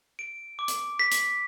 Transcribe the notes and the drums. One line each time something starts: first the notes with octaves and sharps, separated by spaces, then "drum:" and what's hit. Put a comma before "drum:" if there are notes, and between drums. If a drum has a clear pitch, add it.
D7
D6
drum: hi-hat
B6
drum: hi-hat